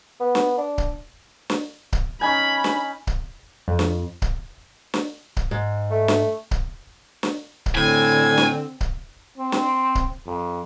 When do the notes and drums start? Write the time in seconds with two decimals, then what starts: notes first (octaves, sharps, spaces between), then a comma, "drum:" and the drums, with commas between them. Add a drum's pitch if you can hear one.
0.20 B3
0.35 drum: snare
0.58 D4
0.78 drum: kick C#1
1.50 drum: snare
1.93 drum: kick C#1
2.21 C#4 D#4 G#5 B5
2.64 drum: snare
3.07 drum: kick C#1
3.68 F2
3.79 drum: snare
4.22 drum: kick C#1
4.94 drum: snare
5.37 drum: kick C#1
5.51 G#2
5.91 A3
6.08 drum: snare
6.51 drum: kick C#1
7.23 drum: snare
7.66 drum: kick C#1
7.75 A2 D3 C4 G#5
8.38 drum: snare
8.81 drum: kick C#1
9.38 C4
9.52 drum: snare
9.95 drum: kick C#1
10.26 F2